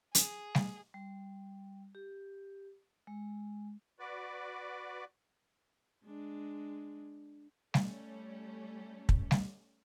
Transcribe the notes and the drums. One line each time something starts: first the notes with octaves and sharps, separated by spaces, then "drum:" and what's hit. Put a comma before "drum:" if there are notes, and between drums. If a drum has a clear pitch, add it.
G#4, drum: hi-hat
drum: snare G3
G3
G4
G#3
F#4 B4 D5
G#3 D4
G3 A3 C#4, drum: snare G3
drum: kick
drum: snare G3